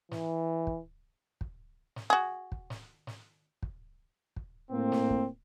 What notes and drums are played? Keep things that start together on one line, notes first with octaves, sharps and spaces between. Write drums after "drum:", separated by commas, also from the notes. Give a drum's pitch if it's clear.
E3, drum: snare
drum: kick
drum: kick
drum: snare
F#4 G#4
drum: kick
drum: snare
drum: snare
drum: kick
drum: kick
A2 A#3 C4
drum: snare
drum: kick